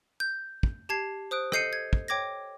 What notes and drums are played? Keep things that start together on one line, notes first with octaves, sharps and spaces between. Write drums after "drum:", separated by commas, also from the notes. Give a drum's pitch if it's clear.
G6
drum: kick
G4 A5 G#6 C7
C5 D#6 F#6 D7
A4 D#5 G6 C7 C#7 D#7, drum: rim click
G#6
drum: kick
C#5 G5 D6 G#6 A#6